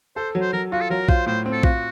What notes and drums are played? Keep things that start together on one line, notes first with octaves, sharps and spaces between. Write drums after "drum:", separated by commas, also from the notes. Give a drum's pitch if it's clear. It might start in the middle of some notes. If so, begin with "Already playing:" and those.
A4 C5
F#3
C5
F#3 A#4
F4 F#4
A4
F#3 A#4
F4 C5, drum: kick A#1
A2 C5
C4
A4
F4 F#4, drum: kick A#1